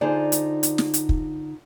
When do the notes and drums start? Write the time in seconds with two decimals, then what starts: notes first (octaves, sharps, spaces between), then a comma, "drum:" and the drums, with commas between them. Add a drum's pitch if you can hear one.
0.01 D3 D#4 F4 G#4 C5 D5
0.32 drum: hi-hat
0.63 drum: hi-hat
0.78 drum: snare
0.94 drum: hi-hat
1.09 drum: kick